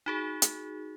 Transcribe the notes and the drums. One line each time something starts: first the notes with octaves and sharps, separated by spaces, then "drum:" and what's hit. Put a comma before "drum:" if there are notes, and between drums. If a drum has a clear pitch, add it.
D#4 F#4 G#4
drum: hi-hat